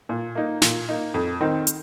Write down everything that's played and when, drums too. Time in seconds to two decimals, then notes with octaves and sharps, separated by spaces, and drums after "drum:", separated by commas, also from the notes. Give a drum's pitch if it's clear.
0.09 A#2
0.35 A#3 D#4
0.62 A#2, drum: snare
0.89 A#3 D#4
1.14 F2
1.40 D#3 C4 D#4
1.67 drum: hi-hat